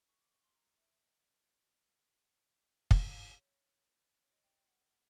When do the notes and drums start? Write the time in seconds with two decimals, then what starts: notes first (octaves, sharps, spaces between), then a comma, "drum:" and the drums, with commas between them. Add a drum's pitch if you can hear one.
0.08 C#6
0.20 D6
0.32 C#6
0.43 C6
0.54 A#5
0.77 E5
1.01 D#5
1.24 D5
1.46 D5
2.91 drum: kick
3.29 C#5
4.21 C#5
4.32 D#5
4.43 G5
4.55 G5
4.67 F#5